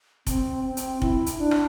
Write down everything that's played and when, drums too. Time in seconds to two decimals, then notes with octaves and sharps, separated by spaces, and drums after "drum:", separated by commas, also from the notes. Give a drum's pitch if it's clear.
0.27 C4, drum: kick F1, hi-hat
0.65 C4
0.77 drum: hi-hat
1.02 E4, drum: kick F1
1.26 drum: hi-hat
1.39 D4
1.51 drum: rim click